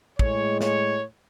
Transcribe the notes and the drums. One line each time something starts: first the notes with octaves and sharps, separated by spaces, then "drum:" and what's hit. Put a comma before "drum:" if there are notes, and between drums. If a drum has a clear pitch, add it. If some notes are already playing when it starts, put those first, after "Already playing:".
A2 G#3 C#5, drum: kick
C#5, drum: snare